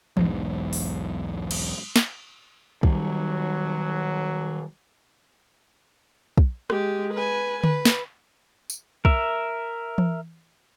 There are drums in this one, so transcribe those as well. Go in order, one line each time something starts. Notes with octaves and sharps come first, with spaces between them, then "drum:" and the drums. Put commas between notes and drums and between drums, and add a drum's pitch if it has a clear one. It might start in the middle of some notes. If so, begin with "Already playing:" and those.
B1 E2 G#2, drum: tom E3
drum: open hi-hat
drum: cymbal
drum: snare
B1 D#3 F#3 G3, drum: kick
drum: kick
G#3 G4, drum: rim click
B4 G#5
B4, drum: tom D3
drum: snare
drum: tambourine
A#4 E5, drum: kick
drum: tom E3